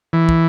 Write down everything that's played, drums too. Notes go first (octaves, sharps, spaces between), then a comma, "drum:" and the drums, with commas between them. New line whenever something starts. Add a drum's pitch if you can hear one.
E3
drum: kick